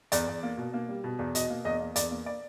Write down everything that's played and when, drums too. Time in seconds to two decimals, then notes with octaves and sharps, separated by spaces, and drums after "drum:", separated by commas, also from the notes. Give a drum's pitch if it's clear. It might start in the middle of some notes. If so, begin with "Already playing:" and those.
0.12 E2 D5, drum: hi-hat
0.27 E2
0.43 A#3
0.58 B2
0.74 A#3
0.89 G3
1.04 B2
1.19 E2
1.35 B2 D#5, drum: hi-hat
1.50 A#3
1.65 E2 D#5
1.80 A#3
1.96 E2 D5, drum: hi-hat
2.11 A#3
2.26 D5